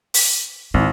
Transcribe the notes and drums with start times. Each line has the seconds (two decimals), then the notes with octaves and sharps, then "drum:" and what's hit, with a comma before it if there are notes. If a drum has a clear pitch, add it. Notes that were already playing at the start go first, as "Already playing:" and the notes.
0.14 drum: open hi-hat
0.74 G#1 E4